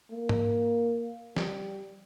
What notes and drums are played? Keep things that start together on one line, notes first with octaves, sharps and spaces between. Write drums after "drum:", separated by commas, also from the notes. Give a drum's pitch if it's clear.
A#3
drum: tom G#2
G3, drum: snare